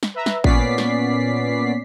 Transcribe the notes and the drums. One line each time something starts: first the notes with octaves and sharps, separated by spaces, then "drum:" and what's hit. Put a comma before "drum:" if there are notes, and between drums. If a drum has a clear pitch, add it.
drum: snare
B4 E5 A#5
drum: snare
A#2 B3 C#4 D5 B6 C7, drum: kick A1
drum: snare